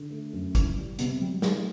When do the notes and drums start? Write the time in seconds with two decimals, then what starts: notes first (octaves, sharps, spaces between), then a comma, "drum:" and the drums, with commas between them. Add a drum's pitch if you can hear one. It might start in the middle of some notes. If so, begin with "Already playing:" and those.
Already playing: D3
0.11 A3
0.33 F#2
0.55 E3, drum: kick, hi-hat
0.77 G3
0.99 C3 B3, drum: hi-hat
1.21 F#3 G3
1.42 F#3 A3, drum: snare